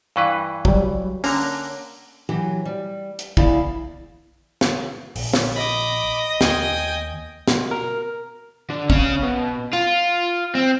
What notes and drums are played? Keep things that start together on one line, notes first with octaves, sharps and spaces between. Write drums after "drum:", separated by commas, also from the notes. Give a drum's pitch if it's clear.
G2 E3 B4 F5 C#6
F#3 G3, drum: kick
D3 A#3 C#4 A#5, drum: open hi-hat
E3 F#3 G4
G3
drum: hi-hat
E2 E4 D5 F5, drum: kick
drum: snare
A#1, drum: open hi-hat
drum: snare
D#5 B5 D6
D#2 G5 G#5 D#6, drum: snare
B2, drum: snare
A#4
D3
C#4 F5, drum: kick
B2
F4, drum: tambourine
C4